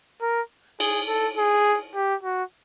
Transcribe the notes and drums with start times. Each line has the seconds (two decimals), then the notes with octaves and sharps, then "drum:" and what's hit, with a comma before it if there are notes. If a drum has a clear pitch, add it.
0.21 A#4
0.80 G#4, drum: cymbal
1.08 A4
1.38 G#4
1.95 G4
2.23 F#4